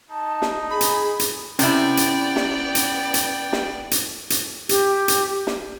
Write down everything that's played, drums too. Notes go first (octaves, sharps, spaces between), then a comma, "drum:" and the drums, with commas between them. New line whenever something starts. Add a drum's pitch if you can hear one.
D#4 A5
drum: snare
G#4 B5
drum: hi-hat
drum: hi-hat
C3 B3 C#4 E4 D5 G5, drum: hi-hat
drum: hi-hat
drum: snare
drum: hi-hat
drum: hi-hat
drum: snare
drum: hi-hat
drum: hi-hat
G4, drum: hi-hat
drum: hi-hat
drum: snare